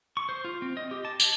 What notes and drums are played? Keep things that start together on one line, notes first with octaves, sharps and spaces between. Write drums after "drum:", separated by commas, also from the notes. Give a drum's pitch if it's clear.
C#6
C5
F4
C4
D#5
G4
A5
D#5, drum: tambourine